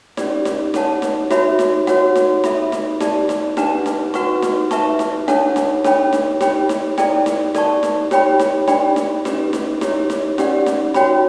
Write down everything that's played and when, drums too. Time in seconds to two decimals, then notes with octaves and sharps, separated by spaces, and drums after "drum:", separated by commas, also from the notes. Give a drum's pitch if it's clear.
0.17 C#4 G4 D5, drum: snare D#4
0.45 drum: snare D#4
0.74 A4 C#5 F#5 A5, drum: snare D#4
1.02 drum: snare D#4
1.30 F#4 C#5 E5 B5, drum: snare D#4
1.59 drum: snare D#4
1.87 F#4 C#5 F#5, drum: snare D#4
2.16 drum: snare D#4
2.44 A4 E5 B5, drum: snare D#4
2.72 drum: snare D#4
3.00 G4 D5 A5, drum: snare D#4
3.29 drum: snare D#4
3.57 D4 G4 B4 F#5 A5, drum: snare D#4
3.86 drum: snare D#4
4.14 F#4 B4 F#5 C#6, drum: snare D#4
4.42 drum: snare D#4
4.71 B4 E5 A5 C#6, drum: snare D#4
4.99 drum: snare D#4
5.28 D4 A4 C#5 F#5 A5, drum: snare D#4
5.56 drum: snare D#4
5.84 D4 A4 C#5 G5 B5, drum: snare D#4
6.13 drum: snare D#4
6.41 G4 C#5 G5 B5, drum: snare D#4
6.69 drum: snare D#4
6.98 E4 A4 D5 G5, drum: snare D#4
7.26 drum: snare D#4
7.55 A4 D5 A5 C#6, drum: snare D#4
7.83 drum: snare D#4
8.11 G4 C#5 G5 B5, drum: snare D#4
8.39 drum: snare D#4
8.68 D4 G4 D5 G5 B5, drum: snare D#4
8.96 drum: snare D#4
9.25 C#4 G4 B4, drum: snare D#4
9.53 drum: snare D#4
9.81 E4 G4 C#5, drum: snare D#4
10.10 drum: snare D#4
10.38 C#4 G4 D5 F#5, drum: snare D#4
10.66 drum: snare D#4
10.94 F#4 C#5 G5 B5, drum: snare D#4